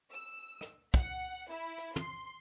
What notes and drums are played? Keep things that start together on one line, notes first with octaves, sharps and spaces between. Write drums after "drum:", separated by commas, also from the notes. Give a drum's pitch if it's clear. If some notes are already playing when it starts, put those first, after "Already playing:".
E6
drum: rim click
F#5, drum: kick
E4
drum: hi-hat
C6, drum: tom